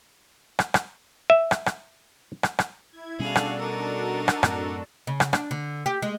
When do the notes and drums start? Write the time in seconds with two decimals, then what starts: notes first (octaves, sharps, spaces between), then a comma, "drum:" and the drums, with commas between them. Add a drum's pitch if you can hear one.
0.59 drum: rim click
0.74 drum: rim click
1.30 E5
1.51 drum: rim click
1.66 drum: rim click
2.43 drum: rim click
2.59 drum: rim click
2.89 E4 G#6
3.19 B2 G3 C#4 D4 F#4 G#4 A4 F5
3.35 drum: rim click
3.59 D#4 A#4
4.28 drum: rim click
4.43 F#2 A2 C4, drum: rim click
5.07 C#3
5.20 drum: rim click
5.33 D4, drum: rim click
5.51 D3
5.86 G4
6.02 G#3